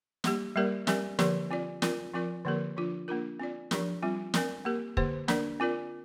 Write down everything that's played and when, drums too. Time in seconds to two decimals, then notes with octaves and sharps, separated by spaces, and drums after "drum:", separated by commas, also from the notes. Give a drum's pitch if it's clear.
0.24 G3 A#3 G4, drum: snare
0.56 G3 A#3 G4 A#4 D5
0.87 G3 C4 G4 A#4 D5, drum: snare
1.19 D3 F3 A#3 G4 A#4, drum: snare
1.51 C4 F4 D5
1.82 C4 F4 A#4 D5, drum: snare
2.14 F3 C4 F4 A#4 D5
2.45 D3 F3 A#3 G4 A#4
2.77 F3 D4 F4
3.08 A#3 D4 F4 A#4
3.40 C4 F4 D5
3.71 F3 D4 G4 A#4, drum: snare
4.03 G3 C4 F4
4.34 C4 A#4 D5, drum: snare
4.65 A#3 G4 A#4
4.97 D3 A#3 G4 C5, drum: kick
5.28 A#3 D4 A#4 D5, drum: snare
5.60 C4 F4 A#4 D5